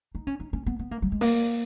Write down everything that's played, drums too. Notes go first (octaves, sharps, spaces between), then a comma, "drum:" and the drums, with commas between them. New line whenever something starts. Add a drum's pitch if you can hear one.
D#4
C#4
D#4
C#4
B3
B3
A#3
F#3
G#3
A#3, drum: open hi-hat